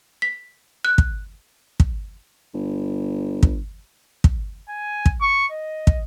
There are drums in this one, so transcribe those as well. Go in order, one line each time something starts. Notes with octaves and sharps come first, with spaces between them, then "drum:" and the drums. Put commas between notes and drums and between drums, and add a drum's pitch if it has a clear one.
B6
F#6
drum: kick
drum: kick
G1
drum: kick
drum: kick
G#5
drum: kick
C#6
D#5
drum: kick